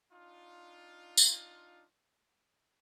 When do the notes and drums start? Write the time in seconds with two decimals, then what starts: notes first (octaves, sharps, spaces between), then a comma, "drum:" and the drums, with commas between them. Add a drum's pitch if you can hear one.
0.12 D4 D#4 F4
1.17 drum: tambourine